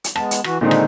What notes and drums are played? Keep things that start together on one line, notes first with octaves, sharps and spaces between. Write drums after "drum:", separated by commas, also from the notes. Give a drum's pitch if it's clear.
drum: hi-hat
G#3 B3 A5, drum: rim click
drum: hi-hat
E3 F#4, drum: rim click
A#2 D3 D#3 G#3 C4 D#4
drum: rim click